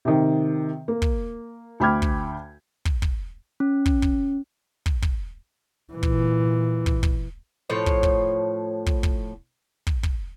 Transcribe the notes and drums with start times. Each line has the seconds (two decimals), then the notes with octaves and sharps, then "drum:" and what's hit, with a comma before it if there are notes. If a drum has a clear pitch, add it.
0.05 C3 D#3
0.88 A#3
1.02 drum: kick
1.80 D2 G5 B5 D6 F6 G#6
2.02 drum: kick
2.85 drum: kick
3.02 drum: kick
3.60 C#4
3.86 drum: kick
4.02 drum: kick
4.86 drum: kick
5.02 drum: kick
5.93 A#2 E3
6.03 drum: kick
6.86 drum: kick
7.03 drum: kick
7.70 A2 F3 C#5
7.86 drum: kick
8.03 drum: kick
8.86 drum: kick
9.03 drum: kick
9.87 drum: kick
10.03 drum: kick